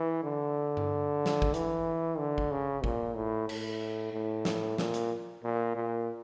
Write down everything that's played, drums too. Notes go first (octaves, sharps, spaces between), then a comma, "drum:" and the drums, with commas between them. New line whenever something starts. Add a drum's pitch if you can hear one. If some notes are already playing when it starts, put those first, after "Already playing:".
Already playing: E3
D3
drum: tom G2
drum: snare
drum: kick G#1
E3, drum: hi-hat
D3
drum: kick G#1
C#3
A#2, drum: kick G#1
A2
A2, drum: cymbal
A2
drum: snare
A#2, drum: snare
drum: hi-hat
A#2
A#2